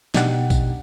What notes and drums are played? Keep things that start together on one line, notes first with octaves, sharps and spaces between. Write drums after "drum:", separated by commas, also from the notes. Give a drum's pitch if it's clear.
B2 D4 D#4 G4 F#5, drum: snare
drum: kick, tambourine